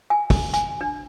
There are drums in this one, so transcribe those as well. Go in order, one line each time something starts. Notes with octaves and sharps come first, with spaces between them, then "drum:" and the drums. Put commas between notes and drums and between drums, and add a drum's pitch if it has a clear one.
G#5
drum: kick, open hi-hat
G#5, drum: hi-hat
D4